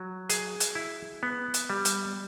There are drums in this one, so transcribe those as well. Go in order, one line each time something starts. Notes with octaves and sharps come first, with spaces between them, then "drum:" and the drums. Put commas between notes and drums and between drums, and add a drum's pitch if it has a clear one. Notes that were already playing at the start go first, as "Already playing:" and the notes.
Already playing: F#3
G#4, drum: hi-hat
drum: hi-hat
E4
B3
drum: hi-hat
G3
drum: hi-hat